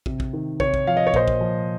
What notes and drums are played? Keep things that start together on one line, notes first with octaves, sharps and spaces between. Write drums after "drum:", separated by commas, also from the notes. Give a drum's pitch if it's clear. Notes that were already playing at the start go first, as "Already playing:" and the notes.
C3, drum: kick
drum: kick
D#3
C3 C#5, drum: kick
drum: kick
F3 F5
D#5
C#5
A#2 C5 D#5, drum: kick
drum: kick
F3